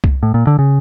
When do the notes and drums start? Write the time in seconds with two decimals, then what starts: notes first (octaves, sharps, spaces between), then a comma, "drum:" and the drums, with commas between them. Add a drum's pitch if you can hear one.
0.04 drum: kick C2
0.23 A2
0.34 A#2
0.47 D3
0.59 C#3